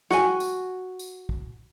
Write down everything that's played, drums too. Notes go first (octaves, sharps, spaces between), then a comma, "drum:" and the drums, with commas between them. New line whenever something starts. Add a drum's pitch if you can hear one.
F#4 G#5, drum: snare
drum: tambourine
drum: tambourine
drum: kick